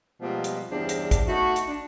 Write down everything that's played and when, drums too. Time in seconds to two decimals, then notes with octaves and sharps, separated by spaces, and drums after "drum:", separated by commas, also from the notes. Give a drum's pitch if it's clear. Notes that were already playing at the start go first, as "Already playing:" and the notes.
0.22 B2 F3 G3 G#3 A#3 C4
0.44 drum: hi-hat
0.71 E2 G2 C#3 D4 G4 C5
0.89 drum: hi-hat
1.11 drum: kick, hi-hat
1.27 A3 D#4 E4 F#4
1.56 drum: hi-hat
1.68 D4